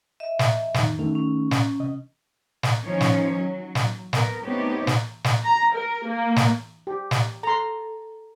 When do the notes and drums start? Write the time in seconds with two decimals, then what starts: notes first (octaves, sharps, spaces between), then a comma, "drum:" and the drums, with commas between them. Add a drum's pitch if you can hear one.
0.20 D#5 E5
0.39 drum: snare
0.74 F2 D#3, drum: snare
0.99 D#3 A3 C#4
1.15 C#4
1.51 drum: snare
1.80 C3 D#5
2.63 drum: snare
2.84 D#3 F3 C#4 C#5
3.00 drum: snare
3.35 F#3
3.75 drum: snare
4.13 B3 A#4, drum: snare
4.44 A3 B3 C4 D#4 G4 C#5
4.87 drum: snare
5.24 drum: snare
5.43 A#5
5.73 A#4
6.06 A#3
6.36 drum: snare
6.87 G4
7.11 drum: snare
7.43 A4 A#5 C6